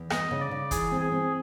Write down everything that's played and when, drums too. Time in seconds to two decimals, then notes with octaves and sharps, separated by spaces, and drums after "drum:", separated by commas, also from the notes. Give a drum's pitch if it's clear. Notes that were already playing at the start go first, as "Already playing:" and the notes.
Already playing: E2
0.10 B3 D#5, drum: rim click
0.31 C#3
0.41 D5
0.51 C#3
0.71 E3 G#4, drum: kick, hi-hat
0.92 C4
1.01 G#4
1.12 C4